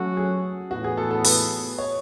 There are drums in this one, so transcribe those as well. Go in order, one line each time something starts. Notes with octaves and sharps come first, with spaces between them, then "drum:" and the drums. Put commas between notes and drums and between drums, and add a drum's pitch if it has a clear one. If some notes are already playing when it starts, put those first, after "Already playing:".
Already playing: F#3 A3 C#4 F#4 A4
G#4
A2 E3 B3 F#4
G#4
A4
A4
B4, drum: open hi-hat
C#5